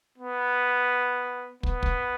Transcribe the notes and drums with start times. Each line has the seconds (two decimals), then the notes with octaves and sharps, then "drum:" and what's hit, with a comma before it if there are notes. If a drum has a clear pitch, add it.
0.18 B3
1.63 B3, drum: kick
1.83 drum: kick